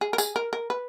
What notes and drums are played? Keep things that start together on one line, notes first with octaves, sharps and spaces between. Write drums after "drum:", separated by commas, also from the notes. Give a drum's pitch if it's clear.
G#4
A#4
G#4, drum: tambourine
A#4
A#4
B4